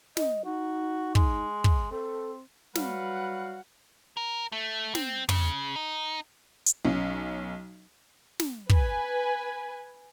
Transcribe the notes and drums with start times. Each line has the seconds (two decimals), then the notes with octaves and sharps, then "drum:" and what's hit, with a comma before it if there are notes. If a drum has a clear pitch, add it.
0.17 D#5, drum: snare
0.45 D#4 F#4
1.15 G#3, drum: kick
1.64 drum: kick
1.91 C4 A4
2.75 F#3 G3 F#4 B4 F5 F#5, drum: snare
4.17 A#4
4.52 A3
4.95 C4, drum: snare
5.29 C#3, drum: tom
5.76 D#4
6.66 drum: hi-hat
6.85 B1 C#4
8.40 drum: snare
8.69 B4 G#5, drum: kick